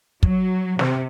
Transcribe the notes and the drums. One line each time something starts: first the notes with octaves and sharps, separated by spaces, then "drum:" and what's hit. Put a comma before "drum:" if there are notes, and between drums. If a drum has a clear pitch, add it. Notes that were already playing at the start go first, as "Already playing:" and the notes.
F#3, drum: kick
C3, drum: snare